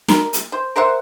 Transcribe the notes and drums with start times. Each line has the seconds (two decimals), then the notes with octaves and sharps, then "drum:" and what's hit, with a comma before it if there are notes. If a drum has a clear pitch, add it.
0.09 A#4, drum: snare
0.33 drum: hi-hat
0.52 C5
0.76 A#4 C5 E5 F#5